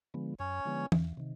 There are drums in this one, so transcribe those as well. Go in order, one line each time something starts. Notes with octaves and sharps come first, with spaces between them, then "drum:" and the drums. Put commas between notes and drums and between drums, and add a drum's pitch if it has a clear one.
D3 F3 G#3 B3
F#2 C#4 C#5
D3 F3 G#3 B3
E2, drum: tom
C3 D#3